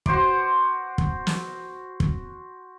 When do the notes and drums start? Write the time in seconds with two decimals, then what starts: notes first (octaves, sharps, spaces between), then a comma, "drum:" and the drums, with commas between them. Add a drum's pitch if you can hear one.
0.06 F#4 C5 C6 D6, drum: kick
0.98 drum: kick
1.27 drum: snare
2.00 drum: kick